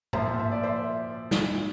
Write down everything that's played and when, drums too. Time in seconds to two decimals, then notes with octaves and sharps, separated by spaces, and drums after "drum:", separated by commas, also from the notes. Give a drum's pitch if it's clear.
0.13 A#2 F3 C5 E5, drum: tom G#2
0.39 E5
0.52 D5
0.63 C5 E5
1.31 drum: snare